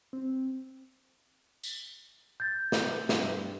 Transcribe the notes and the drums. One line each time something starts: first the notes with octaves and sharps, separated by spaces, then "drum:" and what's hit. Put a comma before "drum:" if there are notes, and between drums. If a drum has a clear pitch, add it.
C4
drum: tambourine
G6 A6
drum: snare
G2, drum: snare